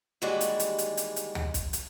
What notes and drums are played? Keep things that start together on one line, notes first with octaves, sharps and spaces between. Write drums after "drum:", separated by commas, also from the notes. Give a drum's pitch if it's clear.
D#2 E3 G3 G#3 F#4 D5
drum: hi-hat
drum: hi-hat
drum: hi-hat
drum: hi-hat
drum: hi-hat
drum: tom D2
drum: kick, hi-hat
drum: hi-hat